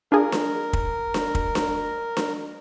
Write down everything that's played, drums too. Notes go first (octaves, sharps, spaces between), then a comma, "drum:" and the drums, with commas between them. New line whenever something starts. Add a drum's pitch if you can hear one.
D4 F4 G#4 A#4
drum: snare D4
drum: kick
drum: snare D4
drum: kick
drum: snare D4
drum: snare D4